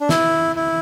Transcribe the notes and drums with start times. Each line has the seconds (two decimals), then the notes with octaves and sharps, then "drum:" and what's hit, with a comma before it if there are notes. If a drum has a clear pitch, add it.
0.01 D4
0.09 E4, drum: snare
0.56 E4